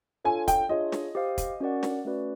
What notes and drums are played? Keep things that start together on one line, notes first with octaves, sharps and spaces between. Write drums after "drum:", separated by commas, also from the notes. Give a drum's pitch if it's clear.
D4 F4 A4 C#5 F5 G#5
G5, drum: kick, hi-hat
D4 F4 G#4 C#5 D#5 E5
drum: snare
G4 C5 F5
drum: kick, hi-hat
C#4 F#4 A#4 D5 F#5
drum: snare
A3 C#4 F#4 B4 D5